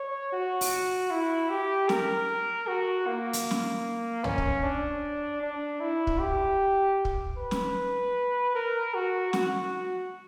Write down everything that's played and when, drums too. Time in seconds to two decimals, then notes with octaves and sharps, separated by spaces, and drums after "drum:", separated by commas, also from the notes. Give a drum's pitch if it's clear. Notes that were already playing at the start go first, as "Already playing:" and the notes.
Already playing: C#5
0.32 F#4
0.61 drum: open hi-hat
1.11 E4
1.50 G4
1.89 A#4, drum: snare
2.68 F#4
3.07 A#3
3.33 drum: hi-hat
3.51 drum: snare
4.24 C#4, drum: tom
4.38 drum: kick
4.63 D4
5.42 D4
5.80 E4
6.07 drum: kick
6.20 G4
7.05 drum: kick
7.37 B4
7.51 drum: snare
8.55 A#4
8.94 F#4
9.33 F#4, drum: snare